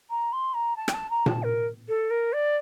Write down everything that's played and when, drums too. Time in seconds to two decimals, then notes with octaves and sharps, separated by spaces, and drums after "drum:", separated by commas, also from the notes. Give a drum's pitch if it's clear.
0.10 A#5
0.32 C6
0.54 A#5
0.76 A5
0.88 G5, drum: rim click
0.93 A5
1.10 A#5
1.26 A5, drum: tom A#2
1.43 A#4
1.88 A4
2.10 A#4
2.33 D5